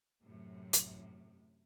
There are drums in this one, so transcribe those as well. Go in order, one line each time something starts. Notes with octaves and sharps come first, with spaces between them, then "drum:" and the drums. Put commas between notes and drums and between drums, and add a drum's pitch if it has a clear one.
F#2 A2 C3
drum: hi-hat